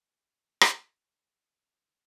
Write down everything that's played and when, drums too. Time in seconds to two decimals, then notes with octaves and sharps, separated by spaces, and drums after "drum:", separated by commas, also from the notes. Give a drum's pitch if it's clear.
0.61 drum: rim click
1.00 D#4 D#6